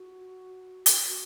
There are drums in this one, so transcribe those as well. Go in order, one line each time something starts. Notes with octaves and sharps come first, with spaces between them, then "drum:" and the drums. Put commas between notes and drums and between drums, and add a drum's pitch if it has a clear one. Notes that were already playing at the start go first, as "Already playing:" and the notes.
Already playing: F#4
drum: hi-hat
F#4